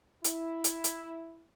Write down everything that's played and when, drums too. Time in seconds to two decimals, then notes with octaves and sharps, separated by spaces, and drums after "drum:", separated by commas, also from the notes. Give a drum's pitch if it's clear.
0.24 E4, drum: hi-hat
0.64 drum: hi-hat
0.84 drum: hi-hat